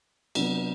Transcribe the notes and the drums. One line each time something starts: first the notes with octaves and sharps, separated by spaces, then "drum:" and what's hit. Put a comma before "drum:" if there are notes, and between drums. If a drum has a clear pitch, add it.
C3 F#3 B3 D4, drum: cymbal